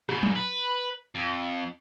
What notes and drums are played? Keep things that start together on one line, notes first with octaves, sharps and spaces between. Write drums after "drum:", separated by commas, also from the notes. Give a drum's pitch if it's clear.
G#2 B2, drum: rim click
drum: tom F#3
B4
F2